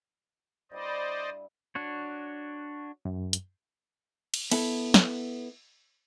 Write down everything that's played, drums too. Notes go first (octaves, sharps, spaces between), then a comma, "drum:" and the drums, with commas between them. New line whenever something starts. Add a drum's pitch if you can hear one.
G2 G3 E4 C5 D5 D#5
D4 F#4 C#5
F#2
drum: hi-hat
drum: cymbal
B3 E4 A4, drum: cymbal
drum: snare